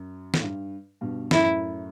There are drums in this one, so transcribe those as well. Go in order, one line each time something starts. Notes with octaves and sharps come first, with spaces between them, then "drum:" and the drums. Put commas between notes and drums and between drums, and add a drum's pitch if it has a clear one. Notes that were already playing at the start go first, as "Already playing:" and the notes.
Already playing: F#2
A2, drum: snare
G2
G2 B2
F#2 A2 E4, drum: snare